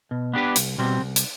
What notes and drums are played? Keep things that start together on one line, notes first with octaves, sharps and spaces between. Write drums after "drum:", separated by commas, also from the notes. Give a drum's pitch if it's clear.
B2
B3 D4 G4 B4
C2, drum: hi-hat
B2 G3 C4
C2
drum: hi-hat